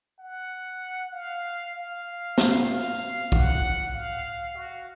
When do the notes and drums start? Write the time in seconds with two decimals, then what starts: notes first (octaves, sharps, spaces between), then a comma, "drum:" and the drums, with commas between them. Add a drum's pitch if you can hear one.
0.19 F#5
1.12 F5
1.75 F5
2.38 drum: snare
2.69 F5
3.32 F#5, drum: kick
3.94 F5
4.56 F#4